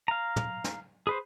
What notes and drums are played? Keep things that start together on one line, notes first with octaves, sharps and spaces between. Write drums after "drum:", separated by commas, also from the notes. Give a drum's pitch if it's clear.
F5 A#5
drum: tom
drum: snare
G#4 B4 C5